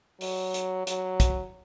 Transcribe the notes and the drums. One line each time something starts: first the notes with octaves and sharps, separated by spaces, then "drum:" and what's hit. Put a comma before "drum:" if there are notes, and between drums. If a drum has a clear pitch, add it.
F#3, drum: open hi-hat
drum: hi-hat
F#3, drum: hi-hat
drum: kick, hi-hat